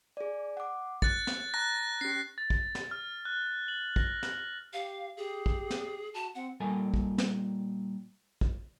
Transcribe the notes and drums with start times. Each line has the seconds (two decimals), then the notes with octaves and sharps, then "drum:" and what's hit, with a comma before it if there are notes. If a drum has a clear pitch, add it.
0.17 G#4 D5
0.57 F#5 D6
1.02 F#6 A6 C#7, drum: kick
1.27 drum: snare
1.54 A5 A#5 F#6 A#6
2.01 C#4 G4 C7
2.38 A6
2.50 drum: kick
2.75 drum: snare
2.91 F6
3.25 F#6
3.68 F#7
3.96 A#6, drum: kick
4.23 drum: snare
4.73 G4 F5
5.17 G4 G#4
5.46 drum: kick
5.70 drum: snare
6.14 F#4 A5
6.35 C4 F#5
6.60 A#2 G3 A4 A#4 G#5
6.94 drum: kick
7.18 drum: snare
8.41 drum: kick